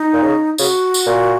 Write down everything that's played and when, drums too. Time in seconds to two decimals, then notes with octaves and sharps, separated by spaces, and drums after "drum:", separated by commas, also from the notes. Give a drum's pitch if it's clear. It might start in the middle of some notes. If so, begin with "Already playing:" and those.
Already playing: D#4
0.13 A#2
0.23 C#3
0.58 C#3 F#4, drum: tambourine
0.94 drum: tambourine
1.07 A#2